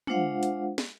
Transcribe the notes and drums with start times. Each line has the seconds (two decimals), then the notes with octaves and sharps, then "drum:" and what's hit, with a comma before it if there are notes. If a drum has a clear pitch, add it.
0.07 G#3 D4 F4 C5 F5 F#5, drum: tom
0.43 drum: hi-hat
0.78 drum: snare